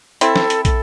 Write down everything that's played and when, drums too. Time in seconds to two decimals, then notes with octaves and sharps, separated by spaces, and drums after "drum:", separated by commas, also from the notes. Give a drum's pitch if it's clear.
0.21 C4 E4 A4, drum: hi-hat
0.36 drum: snare
0.50 drum: hi-hat
0.65 A4, drum: kick, hi-hat